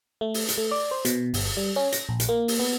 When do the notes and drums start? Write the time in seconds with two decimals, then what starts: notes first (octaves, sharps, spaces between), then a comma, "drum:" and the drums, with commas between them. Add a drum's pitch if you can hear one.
0.21 A3
0.34 drum: open hi-hat
0.49 drum: hi-hat
0.58 A3
0.71 D5
0.91 C5
1.05 B2, drum: hi-hat
1.34 G1, drum: open hi-hat
1.57 G3
1.76 C#4
1.92 A#6, drum: hi-hat
2.09 A#1
2.20 drum: hi-hat
2.29 A#3
2.48 drum: open hi-hat
2.59 B3